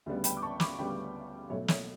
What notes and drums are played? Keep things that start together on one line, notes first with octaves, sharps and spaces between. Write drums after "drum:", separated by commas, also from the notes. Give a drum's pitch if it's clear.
D2 C#3 G3 B3
G5 B5, drum: hi-hat
D6
A5 C#6
B5 D6, drum: snare
D2 C#3 G3 B3 G5 B5
B1 B2 F#3 A3 C#5 E5
C#5 E5, drum: snare